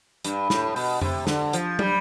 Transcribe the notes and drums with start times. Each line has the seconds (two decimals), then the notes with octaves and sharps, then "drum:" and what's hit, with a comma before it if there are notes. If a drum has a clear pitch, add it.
0.25 G2, drum: hi-hat
0.50 A2, drum: snare
0.76 B2, drum: open hi-hat
1.01 C3, drum: tom F2
1.27 D3, drum: snare
1.53 F3, drum: hi-hat
1.79 G3, drum: tom